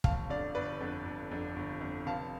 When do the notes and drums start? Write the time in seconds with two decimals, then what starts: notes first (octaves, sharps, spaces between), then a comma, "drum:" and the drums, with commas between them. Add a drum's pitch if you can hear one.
0.04 G1 F5 A5, drum: kick
0.30 F2 D3 D5 F5
0.55 G1 B4 D5
0.81 F2 D3
1.05 G1
1.31 F2 D3
1.56 G1
1.81 F2 D3
2.06 F1 F5 A5